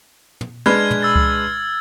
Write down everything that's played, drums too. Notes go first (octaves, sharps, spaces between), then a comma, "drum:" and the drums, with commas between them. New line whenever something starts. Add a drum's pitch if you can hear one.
drum: tom
G#3 D4 B4 F6 G#6
drum: tom
E6 A6
drum: kick C#2